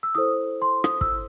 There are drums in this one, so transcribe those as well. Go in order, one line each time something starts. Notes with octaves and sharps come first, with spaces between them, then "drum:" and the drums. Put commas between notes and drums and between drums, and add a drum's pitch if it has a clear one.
E6
E4 A4 C5 D#6
C6
D#6, drum: rim click
E6, drum: kick